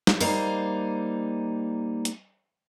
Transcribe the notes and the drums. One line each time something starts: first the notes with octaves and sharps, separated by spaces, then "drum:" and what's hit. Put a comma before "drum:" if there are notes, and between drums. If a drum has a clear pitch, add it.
drum: snare
G3 A#3 D#4 C5, drum: open hi-hat
drum: hi-hat